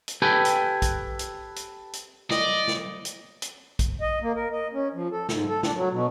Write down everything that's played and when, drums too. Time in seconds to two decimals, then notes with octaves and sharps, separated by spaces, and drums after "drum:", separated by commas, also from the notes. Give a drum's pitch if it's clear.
0.08 drum: hi-hat
0.22 G4 A4 B4 G5 G#5
0.45 drum: hi-hat
0.82 drum: kick A#1, hi-hat
1.19 drum: hi-hat
1.56 drum: hi-hat
1.93 drum: hi-hat
2.31 D5 D#5, drum: snare
2.68 drum: snare
3.05 drum: hi-hat
3.42 drum: hi-hat
3.79 drum: kick A#1, hi-hat
4.01 D#5
4.22 A#3
4.35 A#4
4.52 D#5
4.73 C#4
4.94 F3
5.12 A4
5.29 G#2, drum: snare
5.48 A4
5.63 D4, drum: snare
5.75 F#3
5.91 B2